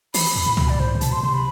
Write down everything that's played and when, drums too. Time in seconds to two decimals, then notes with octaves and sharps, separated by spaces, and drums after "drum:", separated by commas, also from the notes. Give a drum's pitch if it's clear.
0.14 E3 B5, drum: open hi-hat
0.36 E2
0.46 A2
0.57 B2 B5, drum: tom C#2
0.69 D5
0.80 A2 C5
0.95 C3
1.01 B2 A5, drum: hi-hat
1.12 C6
1.23 C3 C6
1.34 B5